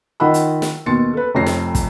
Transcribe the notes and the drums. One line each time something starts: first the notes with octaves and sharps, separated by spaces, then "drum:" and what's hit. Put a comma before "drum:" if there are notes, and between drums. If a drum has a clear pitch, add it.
D#3 F4 D#5 F#5 B5 E6
drum: hi-hat
drum: snare
D#2 B2 C6 A6 C#7
A4 B4
F1 F2 C4 C#5 A#6 C7
drum: snare
drum: kick, hi-hat